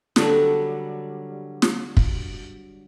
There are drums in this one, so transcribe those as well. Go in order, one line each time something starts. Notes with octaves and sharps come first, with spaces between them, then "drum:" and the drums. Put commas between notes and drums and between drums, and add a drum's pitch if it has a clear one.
D3 F#3 G3, drum: snare
drum: snare
drum: kick